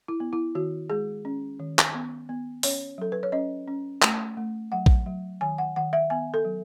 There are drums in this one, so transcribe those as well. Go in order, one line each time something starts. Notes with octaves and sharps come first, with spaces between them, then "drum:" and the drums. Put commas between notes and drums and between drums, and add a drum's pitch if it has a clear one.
E4
B3
E4
D#3 F#4
G#3 G#4
C#4
D#3
drum: clap
B3
B3
C#4 C#5, drum: open hi-hat
F#3 A4
B4
C#5
C#4 D#5
C#4
A3, drum: clap
A3
F#3 F#5
drum: kick
F#3
D#3 G#5
F#5
D#3 F#5
E5
B3 G#5
A4
F#3